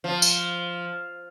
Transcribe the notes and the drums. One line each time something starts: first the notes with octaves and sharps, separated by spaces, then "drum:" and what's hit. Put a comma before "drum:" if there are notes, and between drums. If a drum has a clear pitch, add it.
F3
drum: tambourine